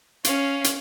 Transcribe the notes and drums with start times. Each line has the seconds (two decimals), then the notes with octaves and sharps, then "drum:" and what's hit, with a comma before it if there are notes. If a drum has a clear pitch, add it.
0.24 C#4 F5, drum: hi-hat
0.64 drum: hi-hat